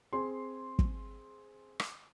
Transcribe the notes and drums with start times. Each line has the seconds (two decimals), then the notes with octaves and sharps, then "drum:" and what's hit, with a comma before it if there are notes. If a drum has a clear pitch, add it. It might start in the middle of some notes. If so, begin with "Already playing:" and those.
0.13 C4 G#4 C6
0.79 drum: kick
1.80 drum: rim click